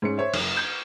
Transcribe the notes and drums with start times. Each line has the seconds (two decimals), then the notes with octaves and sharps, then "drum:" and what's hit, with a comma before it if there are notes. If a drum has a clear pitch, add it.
0.02 G#2 C#4 C#7
0.17 C5 C#5 E5
0.33 F#1, drum: cymbal
0.56 G6 G#6